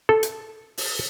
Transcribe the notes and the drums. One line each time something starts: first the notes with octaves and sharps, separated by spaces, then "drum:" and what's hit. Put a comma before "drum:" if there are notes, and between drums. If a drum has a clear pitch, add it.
A4
drum: hi-hat
drum: open hi-hat